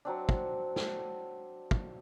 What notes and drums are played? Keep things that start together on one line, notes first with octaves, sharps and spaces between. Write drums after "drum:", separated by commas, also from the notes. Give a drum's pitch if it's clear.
F#3 C4 D4
drum: kick
drum: snare
drum: kick